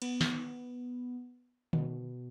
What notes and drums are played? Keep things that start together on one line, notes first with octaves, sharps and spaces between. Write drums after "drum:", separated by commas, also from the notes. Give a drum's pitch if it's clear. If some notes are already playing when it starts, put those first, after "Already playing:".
B3, drum: cymbal
drum: snare
B2, drum: tom D3